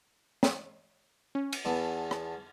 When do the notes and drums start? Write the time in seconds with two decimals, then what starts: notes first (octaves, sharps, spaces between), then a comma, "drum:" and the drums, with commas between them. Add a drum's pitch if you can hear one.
0.43 drum: snare
1.35 C#4
1.53 drum: cymbal
1.65 E2 B3 A5
2.11 drum: rim click